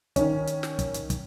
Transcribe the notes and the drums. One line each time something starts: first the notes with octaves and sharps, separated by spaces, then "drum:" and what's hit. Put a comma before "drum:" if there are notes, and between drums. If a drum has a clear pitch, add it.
D#3 C#4, drum: kick, hi-hat
drum: hi-hat
drum: snare
drum: kick, hi-hat
drum: hi-hat
drum: kick, hi-hat